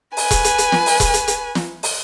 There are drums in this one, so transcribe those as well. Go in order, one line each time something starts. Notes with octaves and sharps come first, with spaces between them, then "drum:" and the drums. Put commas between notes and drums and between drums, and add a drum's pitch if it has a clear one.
B4 G#5, drum: open hi-hat
drum: kick E1, hi-hat
drum: hi-hat
drum: hi-hat
drum: snare
drum: open hi-hat
drum: kick E1, hi-hat
drum: hi-hat
drum: hi-hat
drum: snare
drum: open hi-hat